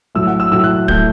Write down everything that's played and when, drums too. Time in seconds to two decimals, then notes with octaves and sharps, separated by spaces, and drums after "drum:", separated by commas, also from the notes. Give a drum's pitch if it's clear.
0.15 A2 F#3 A3 E6
0.27 F#5
0.40 E6
0.52 A2 F#3 A3 E6
0.64 F#6
0.88 A2 F#3 A3 G6, drum: kick